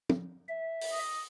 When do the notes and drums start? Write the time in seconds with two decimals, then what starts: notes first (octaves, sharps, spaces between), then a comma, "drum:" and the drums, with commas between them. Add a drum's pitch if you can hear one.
0.09 drum: tom
0.48 E5
0.81 drum: open hi-hat
0.92 D#5